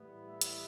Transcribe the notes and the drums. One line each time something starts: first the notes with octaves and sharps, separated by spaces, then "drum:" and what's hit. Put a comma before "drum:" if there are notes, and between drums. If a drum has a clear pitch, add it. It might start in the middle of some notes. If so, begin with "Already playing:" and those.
Already playing: A2 E3 G3 B3 E4
E5
drum: hi-hat